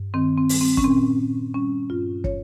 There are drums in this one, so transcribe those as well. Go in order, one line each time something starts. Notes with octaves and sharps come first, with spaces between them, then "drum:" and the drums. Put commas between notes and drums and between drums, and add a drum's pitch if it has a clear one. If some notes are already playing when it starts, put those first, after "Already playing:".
Already playing: G2
D#3 C4
C4
G3, drum: open hi-hat
C4
C#4, drum: kick
A#2 C4
A#2
G3 C#4
G2 F4
C#5, drum: kick